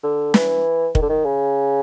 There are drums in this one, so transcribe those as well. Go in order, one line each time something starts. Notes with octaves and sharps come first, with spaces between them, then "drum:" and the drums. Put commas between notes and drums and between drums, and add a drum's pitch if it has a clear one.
D3
E3, drum: snare
D#3, drum: kick
D3
D#3
C#3